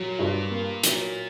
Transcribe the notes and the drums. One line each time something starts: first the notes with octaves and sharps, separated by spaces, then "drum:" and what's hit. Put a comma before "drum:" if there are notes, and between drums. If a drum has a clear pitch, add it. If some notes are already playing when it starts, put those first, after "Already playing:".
Already playing: A#2 F#3
G2
A#3
F#3, drum: hi-hat